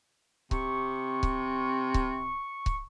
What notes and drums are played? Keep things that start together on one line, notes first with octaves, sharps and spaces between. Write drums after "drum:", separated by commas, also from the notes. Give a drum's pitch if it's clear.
C3 C#6, drum: kick C#1
drum: kick C#1
drum: kick C#1
drum: kick C#1